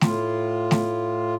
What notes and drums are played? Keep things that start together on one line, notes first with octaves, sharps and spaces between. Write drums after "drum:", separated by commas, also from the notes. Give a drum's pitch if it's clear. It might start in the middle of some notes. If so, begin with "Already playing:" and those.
A2 F4, drum: snare
drum: snare